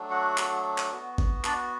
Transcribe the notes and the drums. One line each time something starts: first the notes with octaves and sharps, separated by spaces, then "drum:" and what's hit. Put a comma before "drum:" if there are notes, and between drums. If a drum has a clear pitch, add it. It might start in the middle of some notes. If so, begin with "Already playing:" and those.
Already playing: F#3 A3 D4
F#4 F#5
drum: clap
drum: clap
B3 F#4
drum: kick G#1
D4 D5, drum: clap